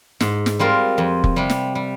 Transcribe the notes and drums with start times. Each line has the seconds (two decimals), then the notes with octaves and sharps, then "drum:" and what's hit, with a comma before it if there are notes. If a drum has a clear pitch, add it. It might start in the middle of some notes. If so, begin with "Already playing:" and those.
0.20 G#2, drum: snare
0.46 drum: snare
0.59 G3 C4 F4 A#4
0.98 F2
1.24 drum: kick
1.36 C3 G3
1.50 drum: snare
1.75 G3